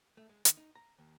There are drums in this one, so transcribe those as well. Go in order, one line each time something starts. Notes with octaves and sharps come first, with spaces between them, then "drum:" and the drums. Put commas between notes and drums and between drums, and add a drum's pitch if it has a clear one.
A3
G#3
D#3, drum: hi-hat
D#4
A#5
D#2